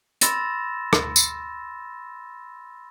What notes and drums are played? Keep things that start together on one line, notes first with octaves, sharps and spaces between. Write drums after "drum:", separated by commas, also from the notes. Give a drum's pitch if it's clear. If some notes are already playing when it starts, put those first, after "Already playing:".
B5 C6 E6 A6 A#6 E7, drum: hi-hat
drum: rim click
drum: tambourine